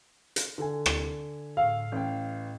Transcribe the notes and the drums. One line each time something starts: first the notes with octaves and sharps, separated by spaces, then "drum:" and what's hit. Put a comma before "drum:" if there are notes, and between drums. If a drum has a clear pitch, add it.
drum: hi-hat
D3 A4 G#5
drum: rim click
A2 F5 E6
A1 G5